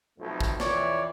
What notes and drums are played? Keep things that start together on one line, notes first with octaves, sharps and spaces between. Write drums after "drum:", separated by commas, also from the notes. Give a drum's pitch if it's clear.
B1 F2 A3
drum: kick
F2 E3 C#5 D5, drum: snare